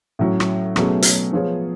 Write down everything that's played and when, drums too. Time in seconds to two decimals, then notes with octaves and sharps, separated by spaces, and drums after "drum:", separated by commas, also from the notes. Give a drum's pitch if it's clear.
0.19 A2 F#3 C#4
0.40 drum: rim click
0.76 B2 F#3 A3 C#4 G#4, drum: rim click
1.02 drum: hi-hat
1.32 F3 B3 F4 G#4 C#5